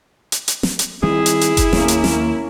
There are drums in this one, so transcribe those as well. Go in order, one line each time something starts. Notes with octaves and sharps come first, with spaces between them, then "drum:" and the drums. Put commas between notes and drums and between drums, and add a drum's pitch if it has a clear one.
drum: hi-hat
drum: hi-hat
drum: snare
drum: hi-hat
D#3 G3 C4 E4 G#4
drum: hi-hat
drum: hi-hat
drum: kick F#1, hi-hat
D#2 A#3 C#4, drum: snare
drum: hi-hat
drum: snare